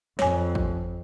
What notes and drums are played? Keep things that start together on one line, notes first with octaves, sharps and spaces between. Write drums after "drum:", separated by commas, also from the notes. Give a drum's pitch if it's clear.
F2 C#5 G#5, drum: snare
drum: kick